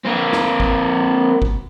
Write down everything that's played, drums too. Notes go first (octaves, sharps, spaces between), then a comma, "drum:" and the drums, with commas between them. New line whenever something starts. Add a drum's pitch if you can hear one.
A#3 C4
drum: snare
drum: kick
drum: kick